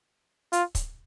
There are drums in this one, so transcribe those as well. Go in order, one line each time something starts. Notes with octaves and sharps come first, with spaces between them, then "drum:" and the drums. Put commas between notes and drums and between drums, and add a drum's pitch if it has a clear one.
F4, drum: hi-hat
drum: kick, hi-hat